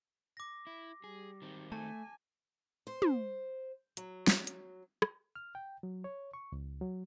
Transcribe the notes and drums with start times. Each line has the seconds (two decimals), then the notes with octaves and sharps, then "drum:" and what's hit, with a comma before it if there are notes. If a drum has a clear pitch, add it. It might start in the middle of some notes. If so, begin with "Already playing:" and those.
0.37 D6 A#6
0.67 E4
1.04 G3 G#4
1.42 D#3 C4
1.72 A3 G#5 A5
2.87 C5
3.02 drum: tom
3.97 F#3, drum: hi-hat
4.27 drum: snare
4.47 drum: hi-hat
5.02 drum: rim click
5.36 F6
5.55 G5
5.83 F#3
6.04 C#5
6.34 C#6
6.52 C#2
6.81 F#3